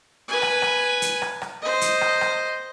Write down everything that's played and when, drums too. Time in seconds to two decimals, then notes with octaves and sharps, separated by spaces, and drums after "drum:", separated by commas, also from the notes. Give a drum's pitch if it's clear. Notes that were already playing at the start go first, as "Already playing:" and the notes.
0.28 B4 G#5
0.42 drum: rim click
0.62 drum: rim click
1.02 drum: hi-hat
1.22 drum: rim click
1.42 drum: rim click
1.61 C5 D#5
1.81 drum: hi-hat
2.01 drum: rim click
2.21 drum: rim click